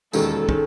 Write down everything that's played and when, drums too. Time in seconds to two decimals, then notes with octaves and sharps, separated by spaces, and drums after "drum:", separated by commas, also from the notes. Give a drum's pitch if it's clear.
0.13 E1 D#2 D#3 G#3 C#4 A4, drum: tambourine
0.49 D#3 G#3 C#4, drum: kick